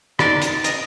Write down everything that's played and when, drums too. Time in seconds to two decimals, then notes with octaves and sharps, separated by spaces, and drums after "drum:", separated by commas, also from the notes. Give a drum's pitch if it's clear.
0.19 D#4 D5, drum: rim click
0.42 drum: hi-hat
0.64 D#5, drum: hi-hat